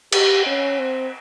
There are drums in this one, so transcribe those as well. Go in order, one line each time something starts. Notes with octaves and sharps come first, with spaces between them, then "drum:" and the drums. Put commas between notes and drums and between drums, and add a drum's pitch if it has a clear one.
G4, drum: cymbal
C#4
C4